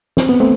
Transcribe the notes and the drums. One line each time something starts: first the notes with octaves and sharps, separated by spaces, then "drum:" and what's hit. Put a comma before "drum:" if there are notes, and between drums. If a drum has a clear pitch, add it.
C4, drum: snare
B3
A3 C4